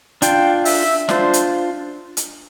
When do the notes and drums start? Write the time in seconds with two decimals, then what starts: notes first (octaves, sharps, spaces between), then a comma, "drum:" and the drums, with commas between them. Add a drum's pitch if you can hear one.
0.22 D4 F4 G5, drum: hi-hat
0.65 E5, drum: open hi-hat
1.09 D4 F4 C5, drum: snare
1.33 drum: hi-hat
2.17 drum: hi-hat